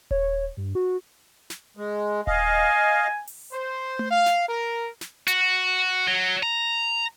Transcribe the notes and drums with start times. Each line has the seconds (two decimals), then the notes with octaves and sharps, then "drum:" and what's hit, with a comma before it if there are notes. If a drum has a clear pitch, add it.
0.11 C#5, drum: kick D#1
0.57 G2
0.75 F#4
1.50 drum: snare
1.77 G#3
2.27 D#5 F5 G#5, drum: kick D#1
3.27 drum: open hi-hat
3.53 C5
3.99 drum: tom A3
4.11 F5
4.26 drum: snare
4.49 A#4
5.01 drum: snare
5.27 F#4, drum: hi-hat
6.08 F#3
6.43 A#5